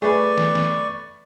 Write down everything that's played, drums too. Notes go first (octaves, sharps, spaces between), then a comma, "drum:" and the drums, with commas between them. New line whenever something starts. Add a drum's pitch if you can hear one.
A3 G#4 B4 D5 C#6
drum: snare
drum: snare